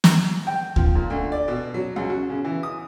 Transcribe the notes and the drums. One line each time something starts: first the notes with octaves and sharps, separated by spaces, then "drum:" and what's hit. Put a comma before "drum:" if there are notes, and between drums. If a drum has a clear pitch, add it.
drum: snare
G5
F3, drum: kick D2
A#2
D2
D5
B2
F#3
C#2
F#4
C#3
E3
D#6